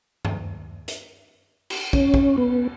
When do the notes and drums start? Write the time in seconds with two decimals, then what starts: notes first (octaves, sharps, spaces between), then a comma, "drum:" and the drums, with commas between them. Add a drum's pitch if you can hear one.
0.25 drum: tom G2
0.88 drum: hi-hat
1.70 drum: cymbal
1.93 C#4, drum: kick
2.14 drum: kick
2.38 B3